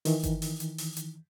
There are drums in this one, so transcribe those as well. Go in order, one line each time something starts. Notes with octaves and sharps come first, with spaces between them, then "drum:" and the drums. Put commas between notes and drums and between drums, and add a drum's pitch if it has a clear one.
D#3 E3, drum: open hi-hat
drum: kick G1, hi-hat
drum: open hi-hat
drum: hi-hat
drum: open hi-hat
drum: hi-hat